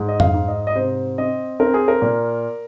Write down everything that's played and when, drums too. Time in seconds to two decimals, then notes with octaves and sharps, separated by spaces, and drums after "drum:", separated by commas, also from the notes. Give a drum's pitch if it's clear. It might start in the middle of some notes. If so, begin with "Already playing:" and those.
Already playing: G#2
0.08 D#5
0.20 F5, drum: tom F2
0.34 G#2
0.48 D#5
0.67 D#5
0.75 C3 C5
1.18 C4 D#5
1.60 C4 A#4
1.74 G#4
1.88 A#4
2.02 A#2